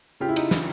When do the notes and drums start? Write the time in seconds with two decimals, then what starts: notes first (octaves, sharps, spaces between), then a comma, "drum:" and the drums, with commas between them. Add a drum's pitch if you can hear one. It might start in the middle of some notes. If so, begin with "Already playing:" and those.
0.20 C#3 F4 G4
0.28 E4
0.36 D#4, drum: cymbal
0.51 E3 E4, drum: snare